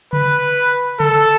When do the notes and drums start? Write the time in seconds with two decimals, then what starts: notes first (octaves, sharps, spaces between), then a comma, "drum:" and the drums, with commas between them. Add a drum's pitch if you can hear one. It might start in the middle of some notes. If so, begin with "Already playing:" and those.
0.13 B4, drum: tom C#3
1.00 A4, drum: tom C#3